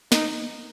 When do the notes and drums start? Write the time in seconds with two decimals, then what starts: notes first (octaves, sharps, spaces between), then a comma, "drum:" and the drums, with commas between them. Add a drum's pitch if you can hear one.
0.12 D#4, drum: snare